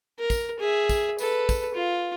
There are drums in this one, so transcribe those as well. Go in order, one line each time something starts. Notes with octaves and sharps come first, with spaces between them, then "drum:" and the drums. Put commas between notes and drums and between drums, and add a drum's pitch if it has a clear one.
A#4
drum: kick, tambourine
G#4 E5
drum: kick, tambourine
A4 B4, drum: tambourine
drum: kick, tambourine
F4